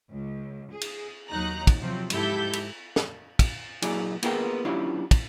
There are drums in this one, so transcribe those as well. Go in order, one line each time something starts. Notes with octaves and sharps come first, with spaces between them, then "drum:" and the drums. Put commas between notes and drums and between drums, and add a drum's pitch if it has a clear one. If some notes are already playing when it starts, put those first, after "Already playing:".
C#2
G#4
drum: cymbal
D#2 F#3 D#4 A#5 F#6
drum: kick, cymbal
C3 F3 F#3 C4
G#2 E4 G4 A4 G6 B6, drum: cymbal
drum: cymbal
drum: snare
drum: kick, cymbal
A#2 F#3 E4 G#4 D5 G#5, drum: cymbal
A#3 B3 F4 G#4 A#4 G5, drum: cymbal
F#3 C#4 D4 E4 F4 G4
drum: kick, cymbal